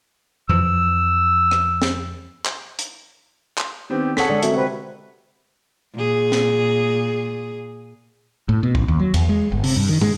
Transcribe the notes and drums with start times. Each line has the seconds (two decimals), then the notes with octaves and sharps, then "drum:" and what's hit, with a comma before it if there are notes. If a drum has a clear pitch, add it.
0.49 F2 E3 F3 E6
1.51 drum: rim click
1.82 drum: snare
2.45 drum: clap
2.79 drum: hi-hat
3.58 drum: clap
3.90 D#3 B3 C4 D4 G4
4.17 G#4 A4 C#5 F#5 C#6 B6, drum: snare
4.29 D3 G#3 D4
4.43 A3 C4 F#4 A#4, drum: hi-hat
4.56 C3 B4
5.94 A#2 G#4
6.32 drum: snare
8.49 A2
8.63 B2
8.75 A1, drum: kick
8.88 D#2
8.99 F#3
9.14 E2, drum: cymbal
9.29 G#3
9.52 G1
9.64 C3, drum: open hi-hat
9.76 G2
9.89 D#3
10.01 G#3, drum: tom